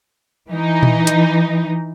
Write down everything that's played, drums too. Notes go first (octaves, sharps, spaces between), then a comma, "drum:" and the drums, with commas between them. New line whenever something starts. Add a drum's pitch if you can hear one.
E3 D#4
drum: tom A#2
drum: hi-hat